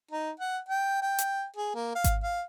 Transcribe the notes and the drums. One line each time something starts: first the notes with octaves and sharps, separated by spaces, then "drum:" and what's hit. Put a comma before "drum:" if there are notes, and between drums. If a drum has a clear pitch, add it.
D#4
F#5
G5
G5
drum: hi-hat
G#4
A#3
F5
drum: kick G#1, hi-hat
F5